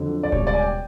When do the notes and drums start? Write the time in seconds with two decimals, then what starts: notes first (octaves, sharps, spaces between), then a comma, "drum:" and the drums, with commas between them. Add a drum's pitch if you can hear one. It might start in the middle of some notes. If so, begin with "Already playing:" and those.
Already playing: F2 D3 F#3
0.23 D5
0.32 C#2 B2 G3 C#5, drum: kick D#1
0.47 D5
0.53 G#5
0.59 G5